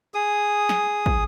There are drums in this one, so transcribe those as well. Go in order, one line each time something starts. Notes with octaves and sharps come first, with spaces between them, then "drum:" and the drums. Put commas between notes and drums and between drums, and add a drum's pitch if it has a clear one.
G#4 D#6
drum: snare
drum: kick